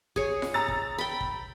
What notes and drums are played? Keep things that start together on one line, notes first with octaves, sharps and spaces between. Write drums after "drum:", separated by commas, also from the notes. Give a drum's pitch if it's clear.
G#4 C#5, drum: kick
drum: snare F4
A#5 E6 A6
drum: kick
G5 B5
drum: kick